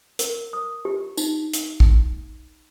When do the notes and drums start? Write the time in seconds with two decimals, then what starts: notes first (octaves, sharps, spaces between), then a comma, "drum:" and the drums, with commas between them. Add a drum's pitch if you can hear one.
0.19 A#4, drum: hi-hat
0.53 D#6
0.85 G4
1.17 D#4, drum: tambourine
1.53 drum: hi-hat
1.80 drum: kick